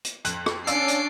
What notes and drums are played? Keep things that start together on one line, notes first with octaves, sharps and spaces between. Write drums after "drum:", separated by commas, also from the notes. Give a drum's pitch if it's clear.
drum: hi-hat
F2 F#6, drum: hi-hat
drum: rim click
C#4 D4 D5 F5 E6 C7 D7, drum: hi-hat
drum: hi-hat